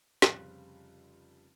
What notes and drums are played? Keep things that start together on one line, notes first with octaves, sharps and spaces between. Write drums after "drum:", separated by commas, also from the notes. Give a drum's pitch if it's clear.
F1 C#3 F3 G3 F4 F#6, drum: snare